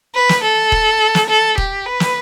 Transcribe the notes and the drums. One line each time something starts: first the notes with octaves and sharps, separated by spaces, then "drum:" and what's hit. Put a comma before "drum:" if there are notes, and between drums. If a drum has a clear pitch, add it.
B4
drum: snare
A4
drum: kick D#1
drum: snare
A4
G4, drum: kick D#1
B4
drum: snare